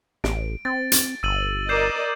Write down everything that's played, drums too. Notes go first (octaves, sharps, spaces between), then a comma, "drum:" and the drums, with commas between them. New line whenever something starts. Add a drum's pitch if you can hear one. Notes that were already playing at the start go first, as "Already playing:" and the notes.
A1 D7, drum: snare
C4 A6
drum: hi-hat
G1 E6 D#7 F#7
A#4 D5 D#5 G6 C7 E7